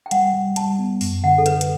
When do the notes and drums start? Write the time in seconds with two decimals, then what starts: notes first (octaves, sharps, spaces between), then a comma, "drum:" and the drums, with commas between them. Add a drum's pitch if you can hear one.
0.06 G5
0.11 G3 F#5, drum: hi-hat
0.33 G3
0.56 G3 A5, drum: hi-hat
0.79 B3
1.01 F#2, drum: open hi-hat
1.24 D3 F#5
1.38 A4
1.46 F#2 B4, drum: hi-hat
1.61 drum: hi-hat